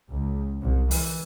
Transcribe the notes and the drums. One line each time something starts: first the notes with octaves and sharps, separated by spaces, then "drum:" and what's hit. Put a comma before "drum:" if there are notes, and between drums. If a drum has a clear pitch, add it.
C#2
C2
E3, drum: open hi-hat